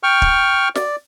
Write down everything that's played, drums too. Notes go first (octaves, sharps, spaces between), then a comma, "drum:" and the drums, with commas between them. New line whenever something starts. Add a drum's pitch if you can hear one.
G5 C#6 F6
drum: kick
D5, drum: snare